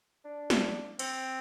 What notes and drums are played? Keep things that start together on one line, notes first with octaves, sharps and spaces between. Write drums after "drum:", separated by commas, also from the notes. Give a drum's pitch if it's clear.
D4
drum: snare
C4, drum: cymbal